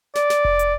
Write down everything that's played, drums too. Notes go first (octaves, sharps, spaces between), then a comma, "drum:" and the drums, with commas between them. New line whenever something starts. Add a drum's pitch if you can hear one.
D5, drum: snare
drum: snare
drum: kick F1
drum: hi-hat